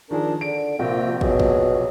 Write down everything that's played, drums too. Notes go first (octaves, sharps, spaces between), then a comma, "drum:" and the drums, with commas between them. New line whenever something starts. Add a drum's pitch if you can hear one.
D#3 F3 D4 G#4 A#4
D3 D7
A#1 C3 A#3 C4 F#4 G5
B2 F#3 G#4, drum: kick
drum: kick